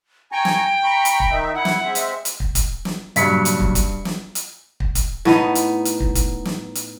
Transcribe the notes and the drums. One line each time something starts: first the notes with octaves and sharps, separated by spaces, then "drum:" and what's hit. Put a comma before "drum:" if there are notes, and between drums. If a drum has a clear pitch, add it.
G5 G#5 A#5 C#6
drum: snare
A#5 B5 C#6
drum: hi-hat
drum: kick
D#3 D#4 E5
E4 F#5
drum: snare
G#3 C4 E5
drum: hi-hat
drum: hi-hat
drum: kick
drum: kick, hi-hat
drum: snare
G2 A#2 C#3 F#3 B6 C#7, drum: hi-hat
drum: hi-hat
drum: kick
drum: kick, hi-hat
drum: snare
drum: hi-hat
drum: kick
drum: kick, hi-hat
A2 B3 D#4, drum: snare
drum: hi-hat
drum: hi-hat
drum: kick
drum: kick, hi-hat
drum: snare
drum: hi-hat